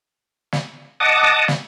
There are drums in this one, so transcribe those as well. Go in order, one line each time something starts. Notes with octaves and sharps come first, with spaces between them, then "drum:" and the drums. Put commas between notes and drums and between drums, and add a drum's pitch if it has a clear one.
drum: snare
D#5 F#5 A5 D6 D#6
drum: snare